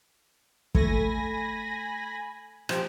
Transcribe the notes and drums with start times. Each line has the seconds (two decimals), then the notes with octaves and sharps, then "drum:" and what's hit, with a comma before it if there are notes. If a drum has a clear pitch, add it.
0.75 A3 G#5 B5 A#6, drum: kick
2.69 F3 G4, drum: rim click